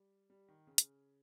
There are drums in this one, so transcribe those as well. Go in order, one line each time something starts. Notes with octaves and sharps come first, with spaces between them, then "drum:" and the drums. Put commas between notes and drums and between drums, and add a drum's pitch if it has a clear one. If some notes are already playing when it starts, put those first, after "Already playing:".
Already playing: G3
G3
D#3
C#3
drum: hi-hat